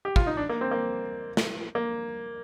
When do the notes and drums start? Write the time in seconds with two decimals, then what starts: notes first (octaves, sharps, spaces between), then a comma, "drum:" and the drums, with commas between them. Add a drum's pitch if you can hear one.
0.05 G4
0.16 F4, drum: kick
0.27 D#4
0.37 D4
0.49 A#3
0.61 C4
0.71 A#3
1.37 drum: snare
1.75 A#3